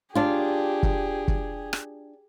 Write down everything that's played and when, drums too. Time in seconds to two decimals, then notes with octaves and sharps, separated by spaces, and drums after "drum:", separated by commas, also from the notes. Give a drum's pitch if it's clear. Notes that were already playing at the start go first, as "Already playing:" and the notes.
0.15 D4 F4 G4 G#4
0.83 drum: kick
1.28 drum: kick
1.73 drum: rim click